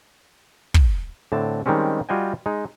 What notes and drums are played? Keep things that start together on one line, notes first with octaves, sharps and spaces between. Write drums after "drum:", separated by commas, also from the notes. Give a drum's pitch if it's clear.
drum: kick
A2 D3 C4 A5
D#3 G3 G#3 C4 C#4
G3 F4 F#4 D#5 G5 G#5
G#3 D#4